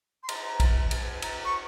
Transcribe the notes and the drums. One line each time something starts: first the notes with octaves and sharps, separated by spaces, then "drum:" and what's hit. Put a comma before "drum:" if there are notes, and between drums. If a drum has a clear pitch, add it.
C6
A#5, drum: cymbal
drum: kick, cymbal
drum: cymbal
A#5, drum: cymbal
C#6